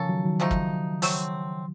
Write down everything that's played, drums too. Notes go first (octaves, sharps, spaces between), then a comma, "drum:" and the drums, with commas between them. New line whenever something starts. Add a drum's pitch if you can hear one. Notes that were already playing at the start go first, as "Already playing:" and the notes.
Already playing: C#3 F3 A#3 C#4 A4
D#3 F#3
D#3 F#3
C3 F3 A3 D#4
drum: kick
F#3 A3 C4, drum: open hi-hat